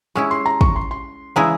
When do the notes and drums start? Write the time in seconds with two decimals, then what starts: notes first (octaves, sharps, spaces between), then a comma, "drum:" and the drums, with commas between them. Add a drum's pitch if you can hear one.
0.16 G#3 C#4 E4 C#6
0.31 C6
0.46 A#5
0.61 C#6, drum: kick
0.76 C6
0.91 C6
1.36 C#3 E3 G#3 E4 A#5